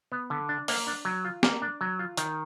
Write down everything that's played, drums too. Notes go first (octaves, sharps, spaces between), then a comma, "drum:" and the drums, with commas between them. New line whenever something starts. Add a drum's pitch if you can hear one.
B3
D3
D4
A#3, drum: open hi-hat
D4
F#3
F4
A#3, drum: snare
D4
F#3
F4
D#3, drum: hi-hat